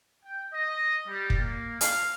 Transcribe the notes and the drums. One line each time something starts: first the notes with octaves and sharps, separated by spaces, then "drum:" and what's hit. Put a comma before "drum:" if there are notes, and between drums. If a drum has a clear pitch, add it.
G5
D#5
G3
drum: kick
A#3
F5, drum: hi-hat